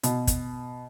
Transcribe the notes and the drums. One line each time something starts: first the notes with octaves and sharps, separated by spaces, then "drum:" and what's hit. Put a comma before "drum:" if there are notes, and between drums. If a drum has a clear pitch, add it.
B2, drum: hi-hat
drum: kick, hi-hat